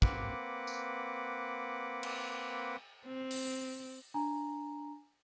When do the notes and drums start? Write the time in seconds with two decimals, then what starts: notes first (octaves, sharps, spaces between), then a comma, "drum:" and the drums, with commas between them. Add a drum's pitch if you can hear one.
0.02 A#3 C4 B4 F#5 D6, drum: kick
0.67 drum: tambourine
2.03 drum: cymbal
3.06 C4
3.31 drum: open hi-hat
4.14 D4 G#5 A#5